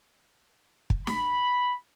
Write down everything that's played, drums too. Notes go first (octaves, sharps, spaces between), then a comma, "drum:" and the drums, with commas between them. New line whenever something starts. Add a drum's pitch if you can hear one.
drum: kick
B5, drum: snare